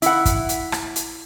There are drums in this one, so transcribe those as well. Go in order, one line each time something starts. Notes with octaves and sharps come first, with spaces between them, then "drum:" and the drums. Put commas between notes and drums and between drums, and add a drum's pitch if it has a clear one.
E4 F#5, drum: hi-hat
drum: kick, hi-hat
drum: hi-hat
drum: rim click
drum: hi-hat